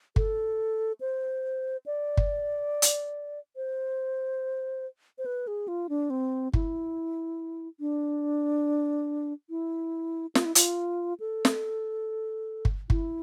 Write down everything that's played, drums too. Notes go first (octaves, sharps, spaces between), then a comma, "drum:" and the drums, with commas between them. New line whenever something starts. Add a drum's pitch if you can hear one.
A4, drum: kick G1
C5
D5
drum: kick G1
drum: hi-hat
C5
C5
B4
G#4
F4
D4
C4
E4, drum: kick G1
D4
E4
F4, drum: snare
E4
F4, drum: hi-hat
A4
drum: snare
drum: kick G1
E4, drum: kick G1